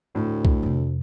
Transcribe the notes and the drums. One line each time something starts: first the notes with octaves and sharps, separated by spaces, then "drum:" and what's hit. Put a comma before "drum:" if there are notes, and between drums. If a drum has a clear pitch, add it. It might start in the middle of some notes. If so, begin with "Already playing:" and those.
D2 A2
drum: kick
F2 C3